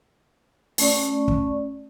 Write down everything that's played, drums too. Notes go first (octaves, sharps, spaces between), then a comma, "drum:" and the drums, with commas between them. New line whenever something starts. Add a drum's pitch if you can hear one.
A3 C#4 D5 C#6, drum: open hi-hat
drum: kick